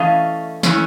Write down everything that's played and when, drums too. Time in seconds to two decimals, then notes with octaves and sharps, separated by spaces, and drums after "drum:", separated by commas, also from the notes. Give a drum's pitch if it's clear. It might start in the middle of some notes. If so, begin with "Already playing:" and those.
Already playing: E3 A3 C#4 D#5 F5
0.63 E3 A3 C#4, drum: snare